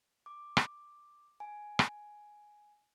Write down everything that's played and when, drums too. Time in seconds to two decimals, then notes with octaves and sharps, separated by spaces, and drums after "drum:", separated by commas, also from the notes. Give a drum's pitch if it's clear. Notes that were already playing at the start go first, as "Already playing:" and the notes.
0.26 D6
0.57 drum: rim click
1.40 G#5
1.79 drum: rim click